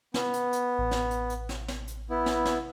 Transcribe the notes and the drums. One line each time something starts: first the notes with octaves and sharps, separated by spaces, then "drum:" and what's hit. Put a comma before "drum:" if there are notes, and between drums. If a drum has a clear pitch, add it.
B3, drum: snare
drum: hi-hat
drum: hi-hat
A1
drum: snare
drum: hi-hat
drum: hi-hat
drum: snare
drum: snare
drum: hi-hat
B3 E4
drum: snare
drum: snare